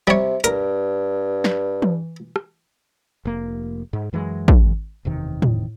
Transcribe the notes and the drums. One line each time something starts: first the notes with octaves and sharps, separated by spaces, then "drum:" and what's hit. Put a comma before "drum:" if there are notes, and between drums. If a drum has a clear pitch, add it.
C3 G3 C#5
G2 A#4, drum: hi-hat
drum: snare
drum: tom E3
drum: rim click
F1 A#3
G#2
F#2 E3 F#3 G#3
drum: kick
F#1 E2 C3 D#3
drum: tom A2